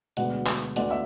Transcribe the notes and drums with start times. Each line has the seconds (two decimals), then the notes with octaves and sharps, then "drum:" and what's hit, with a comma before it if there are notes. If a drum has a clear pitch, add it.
0.17 E1 D2 D3 F#3 B3 D5 F#5, drum: hi-hat
0.47 drum: clap
0.76 D2 D3 B3 D5 F#5, drum: hi-hat
0.91 E5